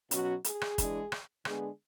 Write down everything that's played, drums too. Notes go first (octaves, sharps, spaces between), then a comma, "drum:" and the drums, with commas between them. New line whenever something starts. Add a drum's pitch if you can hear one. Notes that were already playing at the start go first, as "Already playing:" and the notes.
B2 F#3 C#4 F#4, drum: hi-hat
G#4, drum: hi-hat
drum: rim click
E3 G#3 D4, drum: kick, hi-hat
drum: rim click
D3 G#3 B3 D4 G#4, drum: rim click